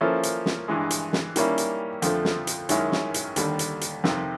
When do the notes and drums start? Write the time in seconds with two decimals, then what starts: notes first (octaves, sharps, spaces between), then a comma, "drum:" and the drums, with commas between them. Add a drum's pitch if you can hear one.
0.01 F3 A#3 C#4 E4 A4
0.23 drum: hi-hat
0.46 drum: snare
0.68 G2 E3 G#3
0.91 drum: hi-hat
1.13 drum: snare
1.36 D#3 G3 A#3 C#4 E4, drum: hi-hat
1.58 drum: hi-hat
2.02 F2 D3 F3 A3, drum: hi-hat
2.25 drum: snare
2.47 drum: hi-hat
2.69 F#2 D#3 G#3 C#4 E4, drum: hi-hat
2.92 drum: snare
3.14 drum: hi-hat
3.36 D#2 D3 G3, drum: hi-hat
3.59 drum: hi-hat
3.81 drum: hi-hat
4.04 F2 C3 D#3, drum: snare